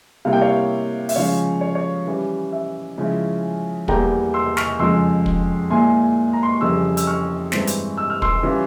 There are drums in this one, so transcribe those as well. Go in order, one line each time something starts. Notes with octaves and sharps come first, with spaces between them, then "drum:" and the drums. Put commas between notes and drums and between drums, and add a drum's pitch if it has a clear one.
C3 G3 A#3 E4 F5
G5
C#5 F5
E5, drum: open hi-hat
C#3 F3 G#3 C#4 C#5 F5
C#5
C#5
E3 G3 C#4
E5
C#3 F3 G#3 C#4 E4
E2 E3 G3 A#3 G5 A#5, drum: kick
C6 E6
C#6 F6, drum: snare
F2 C#3 F3 G#3 C6 E6
drum: kick
A#2 G#3 E4 G#5 C6
A#5
C6
C#6
F2 C#3 E3 G3 C#4 C6 E6
E6, drum: hi-hat
C#6 F6
G2 E3 G#3 C4, drum: snare
drum: hi-hat
E6
F6
C6 E6, drum: kick
E3 G3 C#4 F4